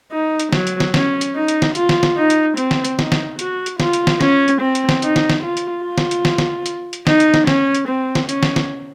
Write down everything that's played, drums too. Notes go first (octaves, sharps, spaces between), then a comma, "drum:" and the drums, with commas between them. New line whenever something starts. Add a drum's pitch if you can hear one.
D#4
drum: hi-hat
F#3, drum: snare
drum: hi-hat
drum: snare
C#4, drum: snare
drum: hi-hat
D#4
drum: hi-hat
drum: snare
F4, drum: hi-hat
drum: snare
drum: snare
D#4
drum: hi-hat
C4, drum: hi-hat
drum: snare
drum: hi-hat
D#4, drum: snare
drum: snare
F#4, drum: hi-hat
drum: hi-hat
F4, drum: snare
drum: hi-hat
drum: snare
C#4, drum: snare
drum: hi-hat
C4
drum: hi-hat
drum: snare
D#4, drum: hi-hat
drum: snare
drum: snare
F4
drum: hi-hat
F4
drum: snare
drum: hi-hat
drum: snare
drum: snare
drum: hi-hat
drum: hi-hat
D#4, drum: snare
drum: hi-hat
drum: snare
C#4, drum: snare
drum: hi-hat
C4
drum: snare
C#4, drum: hi-hat
drum: snare
drum: snare